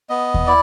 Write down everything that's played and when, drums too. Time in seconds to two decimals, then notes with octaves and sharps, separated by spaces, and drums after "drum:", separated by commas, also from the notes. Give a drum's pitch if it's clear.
0.09 B3 D#5
0.34 drum: kick D#2
0.47 E4 D5